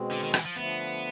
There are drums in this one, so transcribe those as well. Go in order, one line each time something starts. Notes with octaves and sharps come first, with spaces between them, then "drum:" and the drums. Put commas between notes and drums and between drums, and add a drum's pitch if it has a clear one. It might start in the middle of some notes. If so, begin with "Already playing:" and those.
Already playing: B2 G#3 C4
D3
D#3
E3, drum: rim click
F3
D3 F3 A3 B3